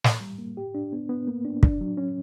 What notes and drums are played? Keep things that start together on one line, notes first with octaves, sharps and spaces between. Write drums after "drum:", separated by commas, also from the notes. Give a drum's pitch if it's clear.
drum: snare
G3
A#3
G4
D4
B3
B3
A#3
D4
D4, drum: kick
F#3
C#4